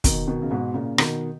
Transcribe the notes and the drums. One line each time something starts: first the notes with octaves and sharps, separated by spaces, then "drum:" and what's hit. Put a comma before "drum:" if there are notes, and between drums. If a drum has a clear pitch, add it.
B2 D#3, drum: kick, hi-hat
B2 D#3
C#3
G#2 B2
A#2 C#3
B2 D#3, drum: rim click